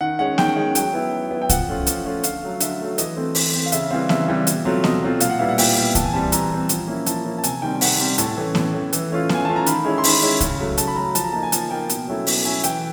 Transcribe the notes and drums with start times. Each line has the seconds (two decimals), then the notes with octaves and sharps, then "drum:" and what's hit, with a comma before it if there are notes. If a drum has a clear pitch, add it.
0.01 D#3 F#5
0.19 G#3 C#4 F#5
0.38 D#3 G5, drum: snare B3
0.56 G#3 C#4
0.75 F#3 G5, drum: hi-hat
0.94 B3 E4
1.12 F#3
1.31 B3 E4
1.42 G5
1.49 F3 F#5, drum: kick C2, hi-hat
1.68 A3 C#4 F4
1.86 F3, drum: hi-hat
2.05 A3 C#4 F4
2.23 D3 F5, drum: hi-hat
2.43 F#3 A3
2.60 D3 E5, drum: hi-hat
2.79 F#3 A3
2.98 E3 D#5, drum: hi-hat
3.17 A3 C4
3.35 E3, drum: open hi-hat
3.54 A3 C4
3.66 F5
3.72 C#3 E5, drum: hi-hat
3.91 E3 G3 C4 F5
4.09 C#3 E5, drum: snare B3
4.28 E3 G3 C4
4.47 B2, drum: hi-hat
4.65 F#3 A3 C4 F4
4.84 B2 D#5, drum: snare B3
5.02 F#3 A3 C4 F4
5.20 A#2 F5, drum: hi-hat
5.30 F#5
5.39 G3 B3 E4 F5
5.49 F#5
5.58 A#2 G5, drum: open hi-hat
5.76 G3 B3 E4
5.95 E3 A5, drum: kick C2, hi-hat
6.05 G#5
6.13 G3 C4 A5
6.32 E3 A#5, drum: hi-hat
6.51 G3 C4
6.69 F3, drum: hi-hat
6.87 A#3 C#4 E4
7.06 F3 A5, drum: hi-hat
7.25 A#3 C#4 E4
7.38 A5
7.44 C3 G#5, drum: hi-hat
7.62 D#3 G3 C4 G5
7.81 C3 F#5, drum: open hi-hat
7.99 D#3 G3 C4
8.18 A2 A5, drum: hi-hat
8.37 E3 A3 C#4
8.55 A2, drum: snare B3
8.73 E3 A3 C#4
8.93 E3, drum: hi-hat
9.10 A3 C#4 F4
9.29 E3 G#5, drum: snare B3
9.45 A3 C#4 F4 A5
9.56 A#5
9.66 D#3 B5, drum: hi-hat
9.85 G#3 C#4 E4
9.98 C6
10.04 D#3 B5, drum: open hi-hat
10.22 G#3 C#4 E4
10.40 C#3, drum: kick C2, hi-hat
10.60 F#3 A3
10.78 C#3 A5, drum: hi-hat
10.88 B5
10.96 F#3 A3 A#5
11.15 F3 A5, drum: hi-hat
11.24 A#5
11.33 A#3 D#4 A5
11.43 G#5
11.52 F3 A5, drum: hi-hat
11.71 A#3 D#4 G5
11.89 B2, drum: hi-hat
12.08 F#3 A3 C#4 E4
12.27 B2, drum: open hi-hat
12.45 F#3 A3 C#4 E4 G#5
12.63 E3 G5, drum: hi-hat